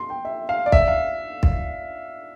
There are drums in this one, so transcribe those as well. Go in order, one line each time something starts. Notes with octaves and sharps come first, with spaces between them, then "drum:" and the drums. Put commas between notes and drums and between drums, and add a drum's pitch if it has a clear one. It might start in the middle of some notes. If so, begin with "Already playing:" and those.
Already playing: C6
G5
E5
F5
D5
E5, drum: kick
F5
drum: kick